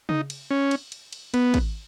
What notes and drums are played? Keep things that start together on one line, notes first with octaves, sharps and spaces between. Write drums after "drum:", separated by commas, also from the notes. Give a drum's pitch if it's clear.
D#4, drum: tom C#3
drum: cymbal
C#4
drum: cymbal
drum: cymbal
drum: cymbal
B3, drum: cymbal
drum: kick, cymbal